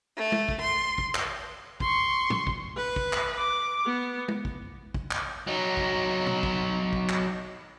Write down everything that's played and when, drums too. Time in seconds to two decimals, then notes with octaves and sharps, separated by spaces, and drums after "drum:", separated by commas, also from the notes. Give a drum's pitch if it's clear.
0.16 A3
0.32 drum: tom G#3
0.49 drum: kick
0.60 C6
0.98 drum: kick
1.15 drum: clap
1.80 C6 C#6, drum: kick
2.30 drum: tom
2.47 drum: kick
2.77 B4
2.96 drum: kick
3.13 drum: clap
3.38 D6
3.86 B3
4.28 drum: tom G#3
4.45 drum: kick
4.94 drum: kick
5.11 drum: clap
5.47 F#3 D#4
5.77 drum: kick
6.27 drum: tom
6.43 drum: kick
6.93 drum: kick
7.09 drum: clap